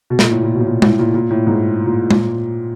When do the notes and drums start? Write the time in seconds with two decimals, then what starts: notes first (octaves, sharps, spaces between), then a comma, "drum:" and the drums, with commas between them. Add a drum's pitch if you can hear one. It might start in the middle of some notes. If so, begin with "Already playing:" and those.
0.10 B2
0.19 A#2, drum: snare
0.31 A2
0.43 A#2
0.54 B2
0.60 A2
0.67 A#2
0.82 A2, drum: tom G#3
0.99 A#2
1.14 A#2
1.30 A2
1.47 G#2
1.86 A#2
2.11 A#2, drum: tom G#3